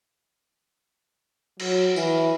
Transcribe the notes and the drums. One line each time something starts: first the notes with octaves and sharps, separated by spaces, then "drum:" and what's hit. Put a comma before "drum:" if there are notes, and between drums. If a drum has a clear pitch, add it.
F#3, drum: cymbal
E3, drum: tambourine